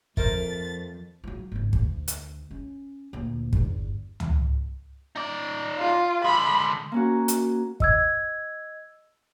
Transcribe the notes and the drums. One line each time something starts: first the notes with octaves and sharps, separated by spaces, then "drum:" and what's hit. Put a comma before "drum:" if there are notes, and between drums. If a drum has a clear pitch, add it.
F2 A3 A#4 C5 A6, drum: kick
F3 F#3
G#1 C#2
D2, drum: kick
drum: hi-hat
C#4
D2 A#2
G1 E2, drum: kick
drum: tom C#2
D#4 D5
F4
D3 G#3 B5
A#3 C#4 F#4
drum: hi-hat
D#5 E6 G#6, drum: kick